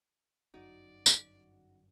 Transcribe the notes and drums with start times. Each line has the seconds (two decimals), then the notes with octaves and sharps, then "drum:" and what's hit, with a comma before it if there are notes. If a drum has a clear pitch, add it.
0.54 G1 F#2 D#4 F#4 D5
1.06 drum: tambourine